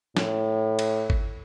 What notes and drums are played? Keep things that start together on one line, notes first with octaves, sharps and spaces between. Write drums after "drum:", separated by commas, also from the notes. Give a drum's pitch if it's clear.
A2, drum: snare
drum: cymbal
drum: kick G1